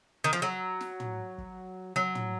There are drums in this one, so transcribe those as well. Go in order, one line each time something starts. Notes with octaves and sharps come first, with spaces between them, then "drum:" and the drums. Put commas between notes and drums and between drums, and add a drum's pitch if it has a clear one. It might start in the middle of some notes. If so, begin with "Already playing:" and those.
D#3
F3
F#3
drum: snare
drum: tom
drum: kick
F#3
drum: tom